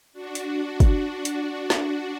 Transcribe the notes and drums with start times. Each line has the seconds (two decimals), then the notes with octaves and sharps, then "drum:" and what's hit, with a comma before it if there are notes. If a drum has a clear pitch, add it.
0.13 D4 F#4
0.35 drum: hi-hat
0.57 D4 F#4
0.80 drum: kick, hi-hat
1.03 D4 F#4
1.25 drum: hi-hat
1.48 D4 F#4
1.70 drum: snare